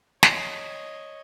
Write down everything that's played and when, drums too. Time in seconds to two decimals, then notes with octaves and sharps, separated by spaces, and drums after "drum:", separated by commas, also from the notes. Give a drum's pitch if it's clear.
0.23 C#5 D#5, drum: snare